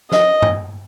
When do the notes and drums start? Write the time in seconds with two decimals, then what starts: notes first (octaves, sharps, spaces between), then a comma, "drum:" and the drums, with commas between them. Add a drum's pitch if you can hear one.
0.12 D#5, drum: snare
0.42 drum: tom G2